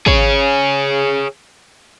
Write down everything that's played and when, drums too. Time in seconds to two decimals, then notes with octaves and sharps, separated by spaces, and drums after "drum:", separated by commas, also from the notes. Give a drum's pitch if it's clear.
0.06 G#4 C#5, drum: kick